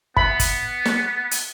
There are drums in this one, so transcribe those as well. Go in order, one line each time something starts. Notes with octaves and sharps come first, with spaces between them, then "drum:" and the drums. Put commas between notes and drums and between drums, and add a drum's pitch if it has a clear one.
B3 B5, drum: kick
drum: kick, hi-hat
drum: snare
drum: hi-hat